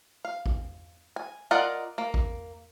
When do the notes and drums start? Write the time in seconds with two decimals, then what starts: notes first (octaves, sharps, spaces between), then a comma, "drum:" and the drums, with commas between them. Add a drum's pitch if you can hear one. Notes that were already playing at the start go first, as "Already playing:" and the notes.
0.25 F5
0.46 drum: kick A1
1.16 G#5
1.51 F4 A#4 D5 D#5 F#5
1.98 A#3
2.14 drum: kick A1